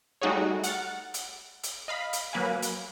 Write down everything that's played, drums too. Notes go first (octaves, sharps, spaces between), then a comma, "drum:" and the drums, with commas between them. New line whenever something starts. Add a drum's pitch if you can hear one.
G3 A3 D#4 F#4 G#4 C#5
F#5 F6 A6, drum: hi-hat
drum: hi-hat
drum: hi-hat
D#5 F5 B5
drum: hi-hat
F#3 A#3 B4 F5 G#5
drum: hi-hat